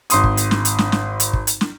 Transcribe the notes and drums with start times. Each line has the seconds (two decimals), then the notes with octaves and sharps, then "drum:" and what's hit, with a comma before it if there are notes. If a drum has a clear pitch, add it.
0.10 G#1 C6 D#6, drum: hi-hat
0.24 drum: kick
0.37 drum: hi-hat
0.51 drum: snare
0.65 drum: hi-hat
0.78 drum: snare
0.92 drum: snare
1.20 drum: hi-hat
1.33 drum: kick
1.47 drum: hi-hat
1.61 drum: snare